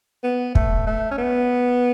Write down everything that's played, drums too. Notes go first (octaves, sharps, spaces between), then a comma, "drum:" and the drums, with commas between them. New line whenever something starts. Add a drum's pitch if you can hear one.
B3
A3, drum: kick
A3
C#4
B3